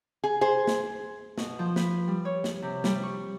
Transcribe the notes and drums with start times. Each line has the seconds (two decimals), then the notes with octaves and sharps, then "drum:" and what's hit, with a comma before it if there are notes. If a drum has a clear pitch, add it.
0.24 G#4
0.41 G#4 C5
0.67 drum: snare
1.38 B2, drum: snare
1.59 F3
1.76 B4, drum: snare
2.08 G3
2.25 C#5
2.44 drum: snare
2.62 C3
2.84 G3, drum: snare
3.03 C#6